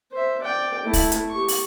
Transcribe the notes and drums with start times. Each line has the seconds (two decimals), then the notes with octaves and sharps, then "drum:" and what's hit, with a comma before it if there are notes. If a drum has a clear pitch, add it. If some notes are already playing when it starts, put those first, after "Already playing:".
0.12 C5 E5
0.43 D5 G5
0.82 A3 E4
0.93 drum: kick C#1, open hi-hat
1.12 drum: hi-hat
1.30 G4 C#6
1.48 drum: open hi-hat